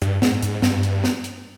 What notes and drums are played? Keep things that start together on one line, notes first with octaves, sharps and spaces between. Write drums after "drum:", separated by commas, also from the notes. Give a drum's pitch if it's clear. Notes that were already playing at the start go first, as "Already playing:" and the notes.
G2, drum: hi-hat
G#2, drum: snare
G#2, drum: hi-hat
G2, drum: snare
drum: hi-hat
drum: snare
drum: hi-hat